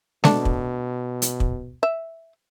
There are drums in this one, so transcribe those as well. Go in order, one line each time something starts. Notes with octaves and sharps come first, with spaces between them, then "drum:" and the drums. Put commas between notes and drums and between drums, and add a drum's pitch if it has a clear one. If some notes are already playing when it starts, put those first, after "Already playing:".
B2 A3 D4, drum: snare G#3
drum: kick
drum: hi-hat
drum: kick
E5